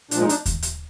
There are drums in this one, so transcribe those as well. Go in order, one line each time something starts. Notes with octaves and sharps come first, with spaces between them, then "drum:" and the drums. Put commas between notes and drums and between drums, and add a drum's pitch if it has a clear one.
A#2 F3 G#3 D4, drum: hi-hat
D#4
D4, drum: hi-hat
drum: kick D#2, hi-hat
drum: hi-hat